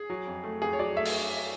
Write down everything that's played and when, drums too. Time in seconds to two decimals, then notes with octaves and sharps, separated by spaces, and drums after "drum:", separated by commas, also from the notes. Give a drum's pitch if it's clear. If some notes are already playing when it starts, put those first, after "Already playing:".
Already playing: G#4
0.10 F#3
0.27 F2
0.44 A3
0.62 F2 G#4
0.73 C#5
0.79 F#3 D5
0.96 A3 E5
1.06 drum: open hi-hat